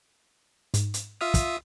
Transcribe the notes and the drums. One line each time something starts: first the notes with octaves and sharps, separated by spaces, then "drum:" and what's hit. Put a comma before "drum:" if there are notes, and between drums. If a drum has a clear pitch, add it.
G#2, drum: hi-hat
drum: hi-hat
F4 E5 D#6 F6
drum: kick, hi-hat